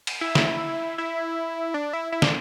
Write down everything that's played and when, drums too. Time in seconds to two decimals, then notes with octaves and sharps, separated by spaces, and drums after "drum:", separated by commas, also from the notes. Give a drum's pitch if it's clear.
0.07 drum: cymbal
0.21 E4
0.35 drum: snare
0.98 E4
1.74 D4
1.93 E4
2.12 E4
2.22 D4, drum: snare